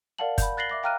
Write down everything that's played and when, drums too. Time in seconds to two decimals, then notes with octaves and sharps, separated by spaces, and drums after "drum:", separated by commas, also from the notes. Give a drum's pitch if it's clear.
0.18 A#4 D5 F5 F#5 A5 F#7
0.38 B5 G6, drum: kick F#1, hi-hat
0.57 F#6 A6 A#6 C7 F#7 G7
0.70 E5 D6 A#6
0.83 F5 G5 A#5 F6 F#6 D#7